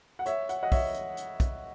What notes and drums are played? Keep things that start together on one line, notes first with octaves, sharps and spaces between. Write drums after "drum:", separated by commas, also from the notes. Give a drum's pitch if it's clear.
F#5
C#5 E5, drum: hi-hat
F#5, drum: hi-hat
D#5 F#5
C#5 E5, drum: kick, open hi-hat
drum: hi-hat
drum: hi-hat
drum: kick, hi-hat